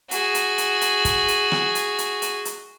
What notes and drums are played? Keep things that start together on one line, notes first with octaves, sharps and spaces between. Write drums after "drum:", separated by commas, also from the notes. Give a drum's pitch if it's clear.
F#4 G#4, drum: hi-hat
drum: hi-hat
drum: hi-hat
drum: hi-hat
drum: kick, hi-hat
drum: hi-hat
drum: rim click
drum: hi-hat
drum: hi-hat
drum: hi-hat
drum: hi-hat